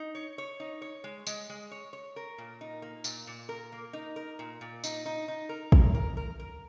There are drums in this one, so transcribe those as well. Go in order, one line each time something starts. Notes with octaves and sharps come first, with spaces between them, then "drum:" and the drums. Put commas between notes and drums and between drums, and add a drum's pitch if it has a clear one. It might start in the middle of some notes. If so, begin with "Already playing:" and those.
Already playing: D#4
C#5
C#5
D#4
C#5
G#3
G#3, drum: tambourine
G#3
C#5
C#5
A#4
A#2
D#4
A#3
A#2, drum: tambourine
A#2
A#4
A#3
D#4
A#4
A#2
A#2
D#4, drum: tambourine
D#4
D#4
A#4
A#4, drum: kick
A#4
A#4
A#4